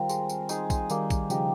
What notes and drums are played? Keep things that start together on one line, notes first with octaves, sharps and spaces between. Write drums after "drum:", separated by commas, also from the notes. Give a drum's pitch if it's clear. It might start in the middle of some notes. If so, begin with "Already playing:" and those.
Already playing: D#3 G3 C4 F4 A#4
G#3, drum: tambourine
drum: tambourine
D#4 G#4, drum: tambourine
drum: kick A#1, tambourine
D#3 G3 A#3, drum: tambourine
drum: kick A#1, tambourine
C#3 F3 D#4 G4, drum: tambourine